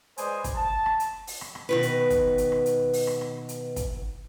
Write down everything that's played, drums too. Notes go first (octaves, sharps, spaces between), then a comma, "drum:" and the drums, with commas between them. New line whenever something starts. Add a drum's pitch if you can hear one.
G#3 B4 C5 D5 G#5 D#6, drum: hi-hat
drum: kick, hi-hat
A5
drum: rim click
drum: hi-hat
drum: open hi-hat
drum: rim click
drum: rim click
B2 D#3 B4
drum: hi-hat
drum: kick, hi-hat
drum: hi-hat
drum: rim click
drum: hi-hat
drum: open hi-hat
drum: rim click
drum: rim click
drum: hi-hat
drum: kick, hi-hat